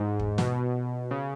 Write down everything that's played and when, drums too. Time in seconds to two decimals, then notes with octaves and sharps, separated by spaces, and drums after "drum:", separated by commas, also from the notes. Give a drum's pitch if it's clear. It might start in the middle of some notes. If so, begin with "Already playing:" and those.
Already playing: G#2
0.19 drum: kick
0.38 B2, drum: snare
1.11 C#3